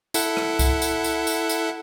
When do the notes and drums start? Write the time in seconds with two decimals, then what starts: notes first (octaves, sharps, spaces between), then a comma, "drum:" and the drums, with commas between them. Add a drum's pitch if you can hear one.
0.14 E4 A4 F#5, drum: tambourine
0.37 drum: rim click
0.59 drum: kick C2, tambourine
0.82 drum: tambourine
1.04 drum: tambourine
1.27 drum: tambourine
1.49 drum: tambourine